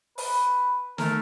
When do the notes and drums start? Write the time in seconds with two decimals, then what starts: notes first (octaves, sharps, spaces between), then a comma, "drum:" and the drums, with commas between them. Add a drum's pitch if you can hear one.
0.18 B4, drum: open hi-hat
0.98 A3 A#4, drum: snare